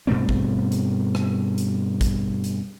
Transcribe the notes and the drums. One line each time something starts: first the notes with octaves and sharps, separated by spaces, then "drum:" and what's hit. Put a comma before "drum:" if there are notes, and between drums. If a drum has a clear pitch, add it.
G2 B2 A3 C4
drum: kick G#1
drum: hi-hat
drum: rim click
drum: hi-hat
drum: kick G#1, hi-hat
drum: hi-hat